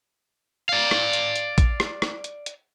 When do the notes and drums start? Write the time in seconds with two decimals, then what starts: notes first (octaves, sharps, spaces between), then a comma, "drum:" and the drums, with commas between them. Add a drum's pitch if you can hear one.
0.69 D5 F5
0.91 drum: rim click
1.13 drum: hi-hat
1.36 drum: hi-hat
1.58 drum: kick, hi-hat
1.80 drum: rim click
2.02 drum: rim click
2.24 drum: hi-hat
2.46 drum: hi-hat